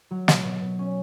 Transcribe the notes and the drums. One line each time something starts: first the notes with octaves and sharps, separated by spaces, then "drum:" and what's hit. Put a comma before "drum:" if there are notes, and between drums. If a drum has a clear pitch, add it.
F#3
B2, drum: snare
B2
B2
C#4